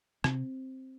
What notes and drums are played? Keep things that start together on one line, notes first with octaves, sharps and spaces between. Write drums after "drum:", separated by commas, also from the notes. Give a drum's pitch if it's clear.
C3 C4, drum: rim click